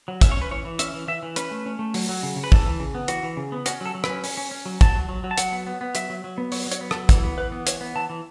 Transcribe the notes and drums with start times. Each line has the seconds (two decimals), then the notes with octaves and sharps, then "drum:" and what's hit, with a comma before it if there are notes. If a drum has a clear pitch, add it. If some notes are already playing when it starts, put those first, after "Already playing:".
0.08 F#3
0.21 C#4 E5, drum: kick, hi-hat
0.32 C#5
0.37 C#4 B4
0.51 E3 C#5
0.65 E3
0.79 C#4 E5, drum: hi-hat
0.94 E3
1.08 E3 E5
1.23 E3
1.36 C#4 B4, drum: hi-hat
1.51 A3
1.66 C#4
1.79 A3
1.94 F#3, drum: open hi-hat
2.09 F#3
2.23 C#3
2.36 C#3
2.44 B4
2.52 E3 A4, drum: kick
2.66 E3
2.80 C#3
2.94 B3
3.08 E3 F#4, drum: hi-hat
3.23 E3
3.37 C#3
3.52 B3
3.66 C#4 F#4, drum: hi-hat
3.81 F#3 A4
3.95 F#3
4.04 B4, drum: rim click
4.09 C#4
4.24 C#4, drum: open hi-hat
4.37 C#4
4.51 C#4
4.65 F#3
4.81 F#3 A5, drum: kick, hi-hat
4.95 F#3
5.09 F#3
5.24 F#3
5.31 A5
5.38 F#3 F#5, drum: hi-hat
5.52 B3
5.67 B3
5.81 B3
5.95 F#3 E5, drum: hi-hat
6.10 F#3
6.24 F#3
6.38 B3
6.52 F#3 C#5, drum: open hi-hat
6.66 F#3
6.72 C#5, drum: hi-hat
6.81 B3
6.91 A4, drum: rim click
6.95 F#3
7.09 E3 A4, drum: kick, hi-hat
7.24 B3
7.38 E3 B4
7.52 B3
7.67 E3 C#5, drum: hi-hat
7.81 B3
7.96 E3 A5
8.10 E3